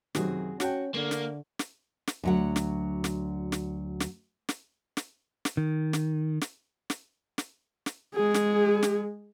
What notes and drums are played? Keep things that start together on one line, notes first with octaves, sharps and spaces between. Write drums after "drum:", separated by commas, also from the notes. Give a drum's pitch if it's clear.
F#2 C3 D#3 C4 F#4 G#4, drum: snare
C#4 F#4 G5 A5 F#6, drum: snare
D3 A3 A#3
drum: snare
drum: snare
drum: snare
D2 F#3 F#5
drum: snare
drum: snare
drum: snare
drum: snare
drum: snare
drum: snare
drum: snare
D#3
drum: snare
drum: snare
drum: snare
drum: snare
drum: snare
G#3 G#4
drum: snare
drum: snare